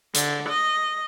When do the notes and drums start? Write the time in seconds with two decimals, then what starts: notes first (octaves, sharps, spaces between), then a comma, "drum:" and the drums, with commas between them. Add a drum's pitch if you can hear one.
0.14 D3, drum: hi-hat
0.49 D#5